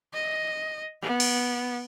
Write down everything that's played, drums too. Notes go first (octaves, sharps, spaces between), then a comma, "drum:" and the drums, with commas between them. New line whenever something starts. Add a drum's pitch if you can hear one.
D#5
B3
drum: cymbal